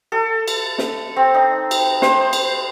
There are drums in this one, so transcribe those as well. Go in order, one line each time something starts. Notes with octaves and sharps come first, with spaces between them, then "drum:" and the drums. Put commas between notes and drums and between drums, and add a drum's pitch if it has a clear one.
A4
drum: cymbal
drum: snare
C4
D#4
drum: cymbal
C5, drum: snare
drum: cymbal